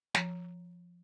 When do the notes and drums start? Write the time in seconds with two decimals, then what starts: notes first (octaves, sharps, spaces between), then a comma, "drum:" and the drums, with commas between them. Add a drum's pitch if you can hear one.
0.15 F3 A#5, drum: snare